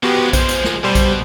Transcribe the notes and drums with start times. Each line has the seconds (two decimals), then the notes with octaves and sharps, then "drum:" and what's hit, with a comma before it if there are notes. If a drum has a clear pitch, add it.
0.03 F3 G#3 B3 F#4 G4
0.33 C5, drum: kick A#1, tambourine
0.49 drum: tambourine
0.64 drum: snare
0.84 B2 G3 C5
0.95 drum: kick A#1, tambourine